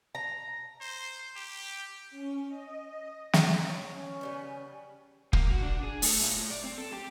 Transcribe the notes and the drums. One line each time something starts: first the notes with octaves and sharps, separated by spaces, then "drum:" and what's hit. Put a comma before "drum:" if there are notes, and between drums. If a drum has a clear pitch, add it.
A#5
C5
G4
C#4
D#5
drum: snare
C#5
C#4
C#3 G3 B3
A#3, drum: kick
F#4
D4
G#4
A3, drum: open hi-hat
A#2
A2
D5
C4
A4
G4